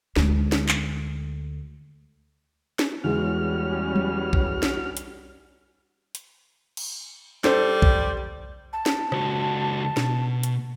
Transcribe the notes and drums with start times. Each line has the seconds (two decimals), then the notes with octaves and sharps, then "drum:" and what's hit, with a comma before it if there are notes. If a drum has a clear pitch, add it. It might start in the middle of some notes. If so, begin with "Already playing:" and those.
0.16 D2 G#3, drum: snare
0.52 drum: snare
0.69 drum: clap
2.79 drum: snare
3.04 E2 G3 G#3 C#4 F#4 F6
3.96 drum: tom F#3
4.33 drum: kick B1
4.63 drum: snare
4.97 drum: hi-hat
6.15 drum: hi-hat
6.77 drum: cymbal
7.44 G3 A4 C5, drum: snare
7.82 drum: kick B1
8.73 A5
8.86 drum: snare
9.12 C#2 F#4, drum: rim click
9.97 B2, drum: snare
10.43 drum: hi-hat